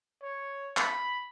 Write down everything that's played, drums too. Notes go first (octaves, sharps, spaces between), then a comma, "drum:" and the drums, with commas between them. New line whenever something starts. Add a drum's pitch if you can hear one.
C#5
B5, drum: clap